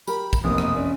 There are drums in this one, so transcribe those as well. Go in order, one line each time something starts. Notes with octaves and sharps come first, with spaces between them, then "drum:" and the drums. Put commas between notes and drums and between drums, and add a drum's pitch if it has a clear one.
G4 A#4 B5, drum: tambourine
drum: kick, tambourine
F1 B2 E3 A#3 D#6
drum: rim click
E3 C#4 B4 D5